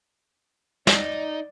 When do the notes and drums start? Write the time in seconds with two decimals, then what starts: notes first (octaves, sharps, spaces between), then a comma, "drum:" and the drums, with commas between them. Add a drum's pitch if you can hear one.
0.87 D#4 D5, drum: snare